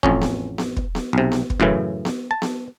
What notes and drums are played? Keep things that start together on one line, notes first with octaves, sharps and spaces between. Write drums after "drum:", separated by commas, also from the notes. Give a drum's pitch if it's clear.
A1 F2 C#4, drum: kick
drum: snare B3
drum: snare B3
drum: kick
drum: snare B3
B1 C3
drum: snare B3
drum: kick
F#2 A2 C#3 E3
drum: snare B3
A5
drum: snare B3